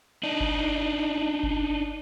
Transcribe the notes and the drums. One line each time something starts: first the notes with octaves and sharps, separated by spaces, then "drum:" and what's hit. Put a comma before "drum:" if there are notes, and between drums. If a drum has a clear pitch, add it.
D4 D#4
drum: kick G1
drum: kick G1